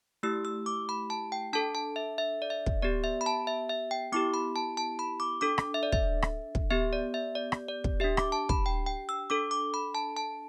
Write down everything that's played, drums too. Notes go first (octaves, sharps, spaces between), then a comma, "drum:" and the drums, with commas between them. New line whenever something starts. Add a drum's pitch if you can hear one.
A3 E4 G4 E6
E6
D6
B5
A5
G5
D4 A4 A5
A5
E5
E5
D5
E5
drum: kick
B3 G4 D5
E5
B5
A5
E5
E5
G5
B3 E4 G4 D6
B5
A5
A5
B5
D6
D4 A4 D6
drum: rim click
E5
D5
E5, drum: kick
drum: rim click
drum: kick
B3 G4 E5
D5
E5
D5
drum: rim click
D5
drum: kick
D4 G4 E5
D6, drum: rim click
A5
B5, drum: kick
G5
G5
E6
D4 A4 D6
D6
B5
A5
A5